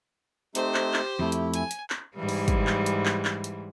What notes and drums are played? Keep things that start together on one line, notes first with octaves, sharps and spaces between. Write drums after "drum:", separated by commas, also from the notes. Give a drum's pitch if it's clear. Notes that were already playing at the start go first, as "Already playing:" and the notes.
A3 C4 D#4 G4 C5, drum: hi-hat
drum: clap
drum: clap
F2 A3 E4
drum: hi-hat
G#5, drum: hi-hat
drum: hi-hat
drum: clap
G#2 E3 G3
drum: open hi-hat
drum: kick, hi-hat
drum: clap
drum: hi-hat
drum: clap
drum: clap
drum: hi-hat